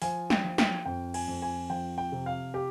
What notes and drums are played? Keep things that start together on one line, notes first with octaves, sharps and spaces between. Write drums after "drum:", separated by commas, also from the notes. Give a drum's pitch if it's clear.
F3 G#5, drum: open hi-hat
G5, drum: snare
F3
G5, drum: snare
F2 G5
G#5, drum: cymbal
F2
G#5
F3 G5
G5
C3
F5
G4